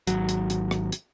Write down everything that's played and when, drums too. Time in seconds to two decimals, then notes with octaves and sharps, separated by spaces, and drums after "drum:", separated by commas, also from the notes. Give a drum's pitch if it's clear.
0.07 G#1 F#3, drum: hi-hat
0.29 drum: hi-hat
0.50 drum: hi-hat
0.71 drum: rim click
0.92 drum: hi-hat